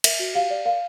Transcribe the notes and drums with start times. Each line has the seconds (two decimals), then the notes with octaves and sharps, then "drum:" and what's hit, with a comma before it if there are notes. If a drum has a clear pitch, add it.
0.04 A#4 E5, drum: cymbal
0.19 F#4
0.34 G4 F5
0.50 D5
0.65 A#4 F5